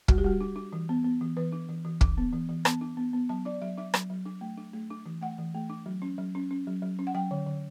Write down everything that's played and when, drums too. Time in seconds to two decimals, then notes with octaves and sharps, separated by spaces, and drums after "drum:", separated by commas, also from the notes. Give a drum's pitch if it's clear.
0.08 G3 F#4, drum: kick
0.18 G4
0.24 G3 F#4
0.40 D4
0.56 D4
0.73 E3
0.89 B3
1.04 B3
1.21 E3
1.37 E3 B4
1.52 D4
1.69 E3
1.85 E3
2.01 D4, drum: kick
2.18 B3
2.33 E3
2.49 E3
2.65 B3 A5, drum: rim click
2.81 D4
2.97 B3
3.13 B3
3.29 F#3 A5
3.45 D4 D5
3.61 F#3 E5
3.77 D4 E5
3.94 F#3, drum: rim click
4.10 F#3
4.25 D4
4.41 A3
4.58 D4
4.73 A3
4.91 D4
5.06 E3
5.22 A3 F#5
5.38 E3
5.54 A3
5.70 D4
5.86 F#3
6.02 C#4
6.18 F#3
6.35 C#4
6.51 C#4
6.67 F#3
6.82 F#3
6.99 C#4
7.07 F#5
7.15 F#3 G5
7.31 D3
7.47 D3